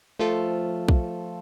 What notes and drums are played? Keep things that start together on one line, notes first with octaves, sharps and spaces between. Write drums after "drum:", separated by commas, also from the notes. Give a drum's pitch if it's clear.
F3 A3 F4 A4
drum: kick